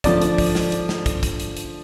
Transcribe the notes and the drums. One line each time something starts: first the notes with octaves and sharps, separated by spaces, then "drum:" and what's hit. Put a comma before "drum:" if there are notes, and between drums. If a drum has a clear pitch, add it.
D3 F3 A3 D5, drum: kick, hi-hat
drum: hi-hat
drum: kick, open hi-hat
drum: snare
drum: hi-hat
drum: snare
drum: kick, hi-hat
drum: kick, hi-hat
drum: hi-hat
drum: hi-hat